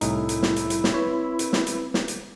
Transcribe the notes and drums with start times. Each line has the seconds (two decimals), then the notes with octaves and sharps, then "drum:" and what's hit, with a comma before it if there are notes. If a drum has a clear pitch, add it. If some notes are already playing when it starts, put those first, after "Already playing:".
0.01 C2 A2 D#4 E4, drum: hi-hat
0.29 drum: hi-hat
0.43 drum: snare
0.56 drum: hi-hat
0.70 drum: hi-hat
0.84 drum: snare
0.94 C4 B4 C#5
1.39 drum: hi-hat
1.53 drum: snare
1.67 drum: hi-hat
1.94 drum: snare
2.08 drum: hi-hat